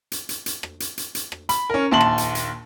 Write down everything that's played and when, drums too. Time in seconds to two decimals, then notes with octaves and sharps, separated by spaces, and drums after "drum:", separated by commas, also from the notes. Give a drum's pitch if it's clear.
0.12 drum: hi-hat
0.29 drum: hi-hat
0.46 drum: hi-hat
0.63 drum: rim click
0.80 drum: hi-hat
0.97 drum: hi-hat
1.15 drum: hi-hat
1.32 drum: rim click
1.49 B5, drum: hi-hat
1.70 C#4 A#4
1.91 A#1 D#2 A5 C6 F#7
2.01 drum: rim click
2.18 drum: hi-hat
2.35 drum: hi-hat